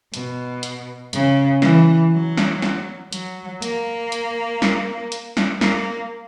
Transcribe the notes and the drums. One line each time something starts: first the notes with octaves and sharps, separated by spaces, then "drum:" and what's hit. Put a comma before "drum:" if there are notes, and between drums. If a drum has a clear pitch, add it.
B2, drum: hi-hat
drum: hi-hat
C#3, drum: hi-hat
E3, drum: snare
F#3
drum: snare
drum: snare
F#3, drum: hi-hat
A#3, drum: hi-hat
drum: hi-hat
drum: snare
drum: hi-hat
drum: snare
A#3, drum: snare